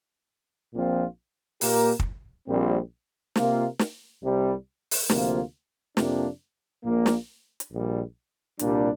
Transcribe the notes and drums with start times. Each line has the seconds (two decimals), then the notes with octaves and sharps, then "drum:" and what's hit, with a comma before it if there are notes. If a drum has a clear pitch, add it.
0.74 A#1 A#2 F3 C4 F4
1.61 A#2 A#3 G4 A#4, drum: open hi-hat
1.99 drum: kick
2.48 A#1 A#2 G3 C4
3.36 C3 A#3 F4 A#4, drum: snare
3.79 drum: snare
4.22 C2 C3 G3
4.91 drum: open hi-hat
5.09 D2 C3 F3 A#3 F4, drum: snare
5.97 F2 C3 F3 A#3 D4, drum: snare
6.84 A#1 A#2 A#3
7.06 drum: snare
7.60 drum: hi-hat
7.72 A#1 A#2 G3
8.59 C2 A#2 G3 D4, drum: hi-hat